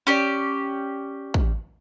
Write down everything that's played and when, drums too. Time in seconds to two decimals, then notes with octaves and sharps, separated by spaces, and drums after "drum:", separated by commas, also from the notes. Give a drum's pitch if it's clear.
0.07 C#4 G4 D5
1.34 drum: kick